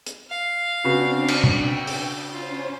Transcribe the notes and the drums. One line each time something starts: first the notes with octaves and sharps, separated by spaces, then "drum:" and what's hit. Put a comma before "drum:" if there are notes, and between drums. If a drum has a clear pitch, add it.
drum: hi-hat
F5
C#3 B3 C4 D4 F#4
drum: cymbal
G5 E6, drum: tom
D4, drum: open hi-hat
C#4 F4 C5